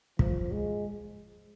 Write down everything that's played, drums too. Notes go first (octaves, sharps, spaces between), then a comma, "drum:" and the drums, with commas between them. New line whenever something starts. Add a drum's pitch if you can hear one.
F3, drum: kick
G#3